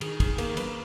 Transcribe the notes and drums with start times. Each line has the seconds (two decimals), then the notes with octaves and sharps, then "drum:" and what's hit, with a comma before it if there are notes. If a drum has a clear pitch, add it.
0.01 D#3 G#4, drum: cymbal
0.20 G#4, drum: kick, cymbal
0.38 A#3, drum: cymbal
0.57 B4, drum: cymbal